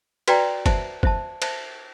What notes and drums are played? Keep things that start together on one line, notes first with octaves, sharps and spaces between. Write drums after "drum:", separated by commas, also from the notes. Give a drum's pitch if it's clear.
F#4 B4 D5 G5 A#5, drum: cymbal
C5 E5 A5, drum: kick F#1, cymbal
C5 E5 A5, drum: kick F#1
C5 E5 A5, drum: cymbal